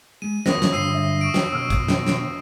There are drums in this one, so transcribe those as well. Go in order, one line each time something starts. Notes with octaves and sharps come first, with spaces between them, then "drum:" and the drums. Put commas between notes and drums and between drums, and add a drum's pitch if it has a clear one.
G#3 D#7
B3 A#4 C5 C#5 D#6 A#6, drum: snare
drum: snare
G2 D3 E6 C7 D#7
E5
C#6 D7
drum: snare
B2 E6 F6
drum: kick, hi-hat
drum: snare
drum: snare